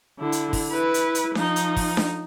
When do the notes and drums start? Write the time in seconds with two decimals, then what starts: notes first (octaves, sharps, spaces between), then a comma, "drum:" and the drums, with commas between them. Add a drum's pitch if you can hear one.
0.20 D3 E4
0.32 drum: hi-hat
0.53 drum: kick, open hi-hat
0.70 E4 B4
0.94 drum: hi-hat
1.15 drum: hi-hat
1.35 F3 D#4, drum: snare D4
1.56 drum: hi-hat
1.76 drum: kick, open hi-hat
1.97 drum: snare D4